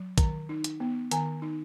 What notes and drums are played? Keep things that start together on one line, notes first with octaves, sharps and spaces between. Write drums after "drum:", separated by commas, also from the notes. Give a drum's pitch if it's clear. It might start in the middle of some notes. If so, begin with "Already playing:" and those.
Already playing: F#3
D#3, drum: kick, hi-hat
D#4
drum: hi-hat
B3
D#3 G#5, drum: hi-hat
D#4